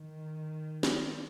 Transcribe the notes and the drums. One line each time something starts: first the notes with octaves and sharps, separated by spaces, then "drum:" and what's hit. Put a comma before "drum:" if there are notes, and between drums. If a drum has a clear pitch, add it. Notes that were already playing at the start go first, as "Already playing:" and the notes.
Already playing: D#3
drum: snare